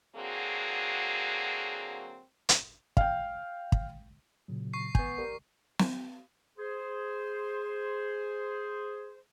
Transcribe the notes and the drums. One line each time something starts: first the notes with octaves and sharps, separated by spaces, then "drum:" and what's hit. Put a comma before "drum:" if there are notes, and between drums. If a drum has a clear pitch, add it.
D3 F#3 A#3 C4 F#4 G#4
drum: hi-hat
F5 G5, drum: kick
drum: kick
A#2 C#3 F#3
C#6 C7
B3 G#5 G6, drum: kick
G4 A#4 D5
drum: snare
G#4 C5